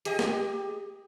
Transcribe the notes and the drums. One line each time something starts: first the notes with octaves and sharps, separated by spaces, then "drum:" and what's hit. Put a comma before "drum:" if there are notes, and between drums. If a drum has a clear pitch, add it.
G4 G#4 D#5, drum: hi-hat
drum: snare